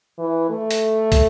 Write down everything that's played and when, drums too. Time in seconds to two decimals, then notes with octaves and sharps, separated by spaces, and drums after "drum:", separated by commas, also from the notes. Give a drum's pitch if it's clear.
0.18 E3
0.49 A3
0.71 drum: hi-hat
1.12 drum: kick, hi-hat